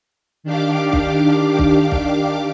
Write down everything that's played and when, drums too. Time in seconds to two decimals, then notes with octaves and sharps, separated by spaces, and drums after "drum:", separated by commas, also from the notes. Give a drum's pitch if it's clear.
0.43 D#3 D4 G4 F5 D6
0.93 drum: kick
1.59 drum: kick
1.92 drum: kick